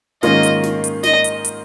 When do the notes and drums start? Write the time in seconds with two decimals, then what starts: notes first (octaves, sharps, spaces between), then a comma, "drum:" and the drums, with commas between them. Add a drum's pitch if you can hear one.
0.23 G#2 D#3 A#3 C#4 F4 D#5, drum: snare
0.43 drum: hi-hat
0.63 drum: snare
0.84 drum: hi-hat
1.03 D#5, drum: snare
1.24 drum: hi-hat
1.45 drum: hi-hat